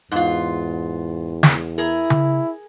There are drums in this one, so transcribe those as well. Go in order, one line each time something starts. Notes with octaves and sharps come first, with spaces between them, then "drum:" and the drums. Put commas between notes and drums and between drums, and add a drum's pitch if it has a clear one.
E2 G#2 F4
drum: snare
E4 G#4 A#4
drum: tom C#3